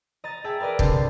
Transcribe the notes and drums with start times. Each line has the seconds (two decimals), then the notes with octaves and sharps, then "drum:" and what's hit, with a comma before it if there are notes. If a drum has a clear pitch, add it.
0.24 D#5 A#5 A6
0.44 G#4 E5 G5 A5
0.60 A#4 B4 D5 D#5
0.79 C2 D3 A5 G6 C7, drum: kick